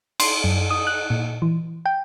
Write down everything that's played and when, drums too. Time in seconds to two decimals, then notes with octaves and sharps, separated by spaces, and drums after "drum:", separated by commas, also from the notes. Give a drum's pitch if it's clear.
0.20 C6, drum: cymbal
0.44 F#2
0.71 D#6
0.87 F#6
1.10 A#2
1.42 E3
1.86 G5